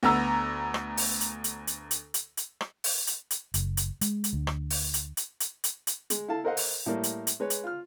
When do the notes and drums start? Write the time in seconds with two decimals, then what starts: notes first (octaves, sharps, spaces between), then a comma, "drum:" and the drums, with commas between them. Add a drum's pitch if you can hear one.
0.03 D2 B3 A#5 E6
0.74 drum: rim click
0.97 drum: open hi-hat
1.21 drum: hi-hat
1.44 drum: hi-hat
1.67 drum: hi-hat
1.91 drum: hi-hat
2.14 drum: hi-hat
2.37 drum: hi-hat
2.61 drum: rim click
2.84 drum: open hi-hat
3.07 drum: hi-hat
3.31 drum: hi-hat
3.54 F#1, drum: hi-hat
3.77 drum: hi-hat
4.01 G#3, drum: hi-hat
4.24 drum: hi-hat
4.33 D2
4.47 drum: rim click
4.70 drum: open hi-hat
4.94 drum: hi-hat
5.17 drum: hi-hat
5.40 drum: hi-hat
5.64 drum: hi-hat
5.87 drum: hi-hat
6.10 G#3, drum: hi-hat
6.28 E4 A4 F5 A5
6.44 A4 A#4 C5 D#5 F5 F#5
6.57 drum: open hi-hat
6.86 A2 G3 A#3
7.04 drum: hi-hat
7.27 drum: hi-hat
7.40 G#3 B4 C#5
7.50 drum: hi-hat
7.64 F4 F6